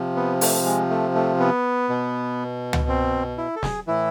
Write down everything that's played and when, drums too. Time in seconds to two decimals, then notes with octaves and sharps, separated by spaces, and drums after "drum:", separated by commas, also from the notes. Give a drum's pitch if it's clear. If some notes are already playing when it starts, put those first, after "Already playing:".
Already playing: C3 F3
0.16 B3
0.41 A3, drum: open hi-hat
0.66 G#3
0.90 A3
1.15 A3
1.40 B3
1.89 B2
2.73 drum: tom
2.89 C4
3.38 E4
3.56 A4
3.63 G#4, drum: snare
3.87 A2 E3 E4